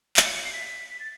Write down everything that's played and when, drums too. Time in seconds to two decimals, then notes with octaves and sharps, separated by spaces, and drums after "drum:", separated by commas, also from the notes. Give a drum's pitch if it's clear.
0.17 D7, drum: clap
0.25 C#7
0.35 C#7
0.45 C7
0.53 B6
0.91 B6
1.00 A6